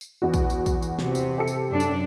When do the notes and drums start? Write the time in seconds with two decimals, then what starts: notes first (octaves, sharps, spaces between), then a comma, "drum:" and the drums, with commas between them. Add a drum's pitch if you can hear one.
0.01 drum: tambourine
0.22 E2 F#4
0.34 drum: kick, tambourine
0.50 drum: tambourine
0.66 drum: kick, tambourine
0.82 drum: tambourine
0.99 C3, drum: snare
1.15 drum: tambourine
1.38 G4 A4 C#7
1.47 drum: tambourine
1.70 F#2 D4
1.80 drum: tambourine